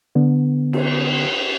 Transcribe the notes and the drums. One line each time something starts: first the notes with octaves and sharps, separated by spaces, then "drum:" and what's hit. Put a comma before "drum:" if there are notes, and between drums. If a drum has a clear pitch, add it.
D3 B3
drum: cymbal